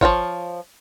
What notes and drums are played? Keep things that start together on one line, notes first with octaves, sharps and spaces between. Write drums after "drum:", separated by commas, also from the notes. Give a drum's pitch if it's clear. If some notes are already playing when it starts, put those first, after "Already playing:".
F3 C4 F4 C#5, drum: kick G#1